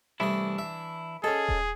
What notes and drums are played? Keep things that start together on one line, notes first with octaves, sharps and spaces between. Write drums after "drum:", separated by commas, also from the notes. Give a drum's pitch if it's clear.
C2 E3 A3 D4 E4 D#6
E5
C#4 G#4 A4 D#5
drum: kick D#1